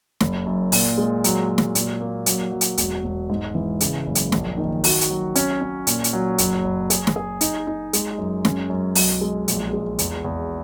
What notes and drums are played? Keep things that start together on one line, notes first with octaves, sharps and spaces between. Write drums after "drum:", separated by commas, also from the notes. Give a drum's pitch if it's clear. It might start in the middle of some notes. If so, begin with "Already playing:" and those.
F#1, drum: snare
F#2
A#2, drum: open hi-hat
G#3
F#3, drum: hi-hat
F#3
drum: snare
A#2, drum: hi-hat
A#3
F#3, drum: hi-hat
F#3
drum: hi-hat
E1, drum: hi-hat
E1
G#2
E3
C#3, drum: hi-hat
F#1
drum: hi-hat
A#1, drum: snare
D#3
F#4, drum: open hi-hat
drum: hi-hat
F#3
C#4, drum: hi-hat
C#4
A#2, drum: hi-hat
drum: hi-hat
F#3
F#1, drum: hi-hat
F#1
G#4, drum: hi-hat
drum: snare
G#4
D#4, drum: hi-hat
D#4
G#3, drum: hi-hat
F#2
C#4, drum: snare
F#2
B1, drum: open hi-hat
G#3
A#1, drum: hi-hat
G#3
E2, drum: hi-hat
E2